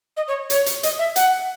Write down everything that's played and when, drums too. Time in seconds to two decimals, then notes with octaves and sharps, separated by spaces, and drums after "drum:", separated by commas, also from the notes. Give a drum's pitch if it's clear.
0.17 D#5
0.28 C#5
0.50 C#5, drum: hi-hat
0.66 drum: hi-hat
0.83 D#5, drum: hi-hat
0.99 E5
1.16 F#5, drum: hi-hat